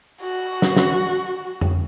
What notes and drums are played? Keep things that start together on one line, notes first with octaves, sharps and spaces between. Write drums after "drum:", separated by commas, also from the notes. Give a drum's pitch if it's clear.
F#4
drum: snare
drum: snare
drum: tom F2